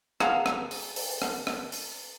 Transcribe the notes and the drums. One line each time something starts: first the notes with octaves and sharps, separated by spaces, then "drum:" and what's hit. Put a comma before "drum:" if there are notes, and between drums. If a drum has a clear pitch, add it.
G#4 F5 F#5 A#5, drum: rim click
drum: rim click
drum: open hi-hat
drum: open hi-hat
drum: rim click
drum: rim click
drum: open hi-hat